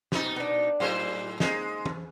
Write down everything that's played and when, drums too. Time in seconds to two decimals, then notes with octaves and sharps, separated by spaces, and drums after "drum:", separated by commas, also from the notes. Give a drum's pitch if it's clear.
0.12 B2 D#4, drum: snare
0.36 B3 D4
0.80 A2 F#3 D#4 G#4 C5 F5
1.40 G#3 A#3 D#4, drum: snare
1.86 drum: tom